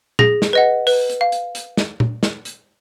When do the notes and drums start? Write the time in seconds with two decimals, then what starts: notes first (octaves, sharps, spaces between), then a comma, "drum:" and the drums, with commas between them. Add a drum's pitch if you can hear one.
0.19 G#4 A#6, drum: tom A#2
0.42 drum: snare
0.53 B4 D#5 F#5
0.87 B4, drum: open hi-hat
1.10 drum: hi-hat
1.21 F5
1.32 drum: hi-hat
1.55 drum: hi-hat
1.77 drum: snare
2.00 drum: tom A#2
2.23 drum: snare
2.45 drum: hi-hat